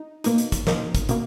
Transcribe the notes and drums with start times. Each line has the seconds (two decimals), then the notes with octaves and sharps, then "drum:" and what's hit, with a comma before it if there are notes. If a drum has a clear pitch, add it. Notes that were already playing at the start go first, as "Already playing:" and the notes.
Already playing: D#4
0.24 B2 A#3 D#4, drum: hi-hat
0.38 drum: hi-hat
0.52 drum: kick, hi-hat
0.67 B2 A#3 D#4, drum: snare
0.95 drum: kick, hi-hat
1.09 B2 A#3, drum: hi-hat